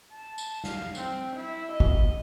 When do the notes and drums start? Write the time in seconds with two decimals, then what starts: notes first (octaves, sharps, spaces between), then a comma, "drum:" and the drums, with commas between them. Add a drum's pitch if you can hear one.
0.13 A5
0.38 drum: tambourine
0.64 F5, drum: snare
0.95 C4, drum: tambourine
1.35 E4
1.71 D#5
1.80 drum: kick